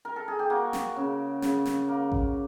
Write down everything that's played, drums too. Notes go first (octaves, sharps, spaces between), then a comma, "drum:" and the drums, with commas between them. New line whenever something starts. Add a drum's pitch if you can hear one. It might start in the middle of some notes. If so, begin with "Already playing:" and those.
A#4
A4
G#4
G4
A#3 F#4
drum: snare
C#3
C#3, drum: snare
drum: snare
A#3
drum: kick A1